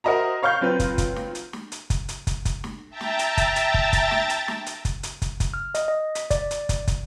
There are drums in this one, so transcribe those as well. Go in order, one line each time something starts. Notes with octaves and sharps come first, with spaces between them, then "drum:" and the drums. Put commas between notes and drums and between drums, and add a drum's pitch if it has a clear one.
F#4 A#4 C5 D#5 E5 A#5
C#5 F5 C#6 F6 G6
F#3 C4 F4 B4
drum: kick, hi-hat
drum: kick, hi-hat
drum: snare
drum: hi-hat
drum: snare
drum: hi-hat
drum: kick, hi-hat
drum: hi-hat
drum: kick, hi-hat
drum: kick, hi-hat
drum: snare
E5 G5 A5 A#5 A6
drum: snare
drum: hi-hat
drum: kick, hi-hat
drum: hi-hat
drum: kick
drum: kick, hi-hat
drum: snare
drum: hi-hat
drum: snare
drum: hi-hat
drum: kick, hi-hat
drum: hi-hat
drum: kick, hi-hat
drum: kick, hi-hat
F6
D#5, drum: hi-hat
D#5
B6, drum: hi-hat
D5, drum: kick, hi-hat
drum: hi-hat
drum: kick, hi-hat
drum: kick, hi-hat